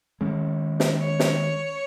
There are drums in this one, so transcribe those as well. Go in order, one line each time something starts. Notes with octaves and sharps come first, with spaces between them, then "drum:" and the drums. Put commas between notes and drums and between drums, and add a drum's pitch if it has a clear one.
D#3 G#3 C#4
drum: snare
C#5
drum: snare